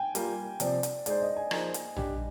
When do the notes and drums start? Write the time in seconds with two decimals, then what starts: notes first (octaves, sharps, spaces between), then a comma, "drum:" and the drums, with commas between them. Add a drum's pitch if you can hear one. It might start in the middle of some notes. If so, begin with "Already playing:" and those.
Already playing: G5 G#5
0.15 G3 A#3 F4, drum: hi-hat
0.60 C3 F3 C4 D5, drum: hi-hat
0.83 drum: hi-hat
1.06 G#3 D#4 G#4 C5 D5, drum: hi-hat
1.21 D#5
1.36 G#5
1.51 F3 A#3 D#4 G#4 C5, drum: rim click
1.74 drum: hi-hat
1.96 G3 D4 G4, drum: tom A#1